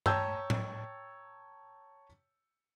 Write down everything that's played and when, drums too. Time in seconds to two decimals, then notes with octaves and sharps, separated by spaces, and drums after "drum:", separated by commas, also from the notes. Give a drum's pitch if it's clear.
0.06 C#5 G5 A5 A#5 E6 G6, drum: tom G2
0.50 drum: tom A2